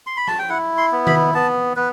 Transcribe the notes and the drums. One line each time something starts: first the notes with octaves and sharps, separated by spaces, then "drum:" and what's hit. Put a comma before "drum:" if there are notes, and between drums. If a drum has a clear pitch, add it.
C6
B5
A5, drum: rim click
G5
E4 F#5
C6
B3
B5, drum: tom D#3
B3 A5
B3 B4